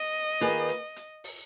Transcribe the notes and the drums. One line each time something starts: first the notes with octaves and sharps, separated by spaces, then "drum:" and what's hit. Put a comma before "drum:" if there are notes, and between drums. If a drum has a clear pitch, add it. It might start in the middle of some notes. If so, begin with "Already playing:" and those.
Already playing: D#5
D#3 A#3 F4 G#4 B4
drum: hi-hat
drum: hi-hat
drum: open hi-hat